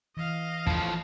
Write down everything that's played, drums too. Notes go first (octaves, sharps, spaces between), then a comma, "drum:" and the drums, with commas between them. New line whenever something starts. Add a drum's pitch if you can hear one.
E3 D#5 F5
A2 F3, drum: kick